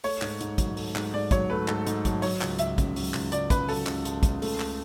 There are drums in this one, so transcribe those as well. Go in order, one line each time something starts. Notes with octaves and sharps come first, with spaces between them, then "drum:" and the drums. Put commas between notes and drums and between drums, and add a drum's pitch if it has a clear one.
A3 C#5, drum: open hi-hat
G#2, drum: clap
G#2, drum: hi-hat
F#3, drum: kick, hi-hat
A3, drum: open hi-hat
G#2, drum: clap
G#2 D5
F#3 C#5, drum: kick, hi-hat
A3 B4
G#2 A4, drum: clap
G#2, drum: hi-hat
F#3, drum: kick, hi-hat
F#3 C#5, drum: open hi-hat
C#2, drum: clap
C#2 E5, drum: hi-hat
C#3, drum: kick, hi-hat
F#3, drum: open hi-hat
C#2, drum: clap
C#2 D5, drum: hi-hat
C#3 B4, drum: kick, hi-hat
F#3 A4, drum: open hi-hat
C#2, drum: clap
C#2, drum: hi-hat
C#3, drum: kick, hi-hat
A3, drum: open hi-hat
drum: clap